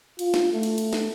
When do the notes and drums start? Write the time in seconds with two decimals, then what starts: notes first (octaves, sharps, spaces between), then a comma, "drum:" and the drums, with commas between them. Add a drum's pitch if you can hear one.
0.19 F4, drum: cymbal
0.34 drum: snare
0.52 A3
0.63 drum: cymbal
0.78 drum: cymbal
0.93 drum: snare